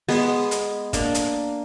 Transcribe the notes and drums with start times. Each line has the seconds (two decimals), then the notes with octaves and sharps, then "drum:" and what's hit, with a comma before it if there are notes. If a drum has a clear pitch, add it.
0.09 G#3 B3, drum: open hi-hat
0.51 drum: hi-hat
0.93 A#3 D4, drum: kick, hi-hat
1.15 drum: hi-hat